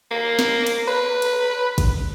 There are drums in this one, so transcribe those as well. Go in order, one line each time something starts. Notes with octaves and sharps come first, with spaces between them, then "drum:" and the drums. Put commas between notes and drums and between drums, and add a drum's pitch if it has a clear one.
A#3
drum: snare
drum: cymbal
B4
drum: cymbal
drum: kick, cymbal